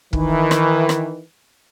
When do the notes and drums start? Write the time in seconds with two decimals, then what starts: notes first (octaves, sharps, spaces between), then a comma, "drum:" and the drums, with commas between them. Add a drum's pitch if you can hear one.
0.13 D#3 E3, drum: kick
0.51 drum: rim click
0.89 drum: rim click